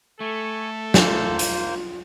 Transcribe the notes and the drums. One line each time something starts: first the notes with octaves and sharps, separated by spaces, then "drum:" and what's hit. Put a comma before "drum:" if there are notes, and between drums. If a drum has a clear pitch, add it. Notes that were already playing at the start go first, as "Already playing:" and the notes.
A3 A4 G#5 C#6
A#3 F4 C5, drum: snare
drum: hi-hat